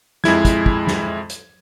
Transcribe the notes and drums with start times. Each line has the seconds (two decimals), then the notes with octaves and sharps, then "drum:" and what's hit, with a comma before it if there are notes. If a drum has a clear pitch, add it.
0.24 F2 G#3 E4 G#6, drum: snare
0.45 drum: kick, hi-hat
0.66 drum: kick
0.87 drum: snare
1.30 drum: hi-hat